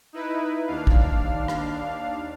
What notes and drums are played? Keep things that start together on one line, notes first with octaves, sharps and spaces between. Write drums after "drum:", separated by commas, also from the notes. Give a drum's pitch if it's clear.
D#4 E4 B4
D#2 D4 F5
drum: kick
drum: rim click